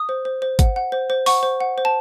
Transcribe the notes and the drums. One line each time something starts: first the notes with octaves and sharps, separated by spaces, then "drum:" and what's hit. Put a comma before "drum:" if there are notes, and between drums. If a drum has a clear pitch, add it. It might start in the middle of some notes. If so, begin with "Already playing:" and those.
Already playing: D#6
C5
C5
C5
F#5, drum: kick, hi-hat
F#5
C5
C5
F#5 C#6, drum: open hi-hat
C5
F#5
C5
A5